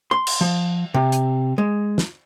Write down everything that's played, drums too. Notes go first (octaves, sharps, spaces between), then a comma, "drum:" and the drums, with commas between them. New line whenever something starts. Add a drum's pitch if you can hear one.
C6
drum: cymbal
F3
C3
drum: hi-hat
G#3
drum: snare